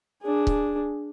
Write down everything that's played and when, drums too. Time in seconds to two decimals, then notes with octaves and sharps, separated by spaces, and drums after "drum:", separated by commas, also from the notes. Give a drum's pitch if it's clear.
0.22 D4 G#4
0.47 drum: kick C#1